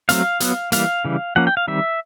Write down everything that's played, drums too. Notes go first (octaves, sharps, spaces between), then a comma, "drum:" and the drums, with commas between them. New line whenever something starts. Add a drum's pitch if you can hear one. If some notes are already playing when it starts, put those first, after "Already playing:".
F#3 A3 C4 F5, drum: hi-hat
F#3 B3, drum: hi-hat
E3 G3 A#3 F5, drum: hi-hat
C#3 E3 G3
F3 A#3 C#4 F#5
G5
F5
D#3 G3 C4 E5